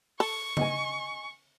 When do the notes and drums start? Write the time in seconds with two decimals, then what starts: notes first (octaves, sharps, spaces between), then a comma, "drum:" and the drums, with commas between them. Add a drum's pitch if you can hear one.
0.20 A4 C#6, drum: open hi-hat
0.57 D#5 G#5, drum: tom C#3